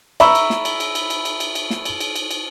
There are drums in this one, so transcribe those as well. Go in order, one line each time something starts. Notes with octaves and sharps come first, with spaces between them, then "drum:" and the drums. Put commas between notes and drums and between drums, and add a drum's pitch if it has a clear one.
E5 A#5 B5 C#6 E6, drum: cymbal
drum: cymbal
drum: snare
drum: cymbal
drum: cymbal
drum: cymbal
drum: cymbal
drum: cymbal
drum: cymbal
drum: cymbal
drum: snare
drum: cymbal
drum: cymbal
drum: cymbal
drum: cymbal